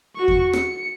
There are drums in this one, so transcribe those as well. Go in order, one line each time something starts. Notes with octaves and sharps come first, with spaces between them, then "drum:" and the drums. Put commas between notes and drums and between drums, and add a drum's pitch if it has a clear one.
F#4 C#6
drum: kick E2
C#7, drum: rim click